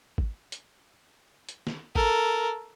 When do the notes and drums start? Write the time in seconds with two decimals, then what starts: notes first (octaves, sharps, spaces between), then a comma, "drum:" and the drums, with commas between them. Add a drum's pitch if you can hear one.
0.18 drum: kick G#1
0.52 drum: hi-hat
1.49 drum: hi-hat
1.67 drum: snare
1.95 A4 A#4, drum: kick G#1